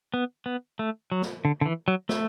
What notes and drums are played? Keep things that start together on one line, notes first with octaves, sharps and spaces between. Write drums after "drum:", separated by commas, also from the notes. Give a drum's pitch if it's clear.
B3
B3
A3
F#3
drum: snare
D3
D3
E3
F#3
A3, drum: snare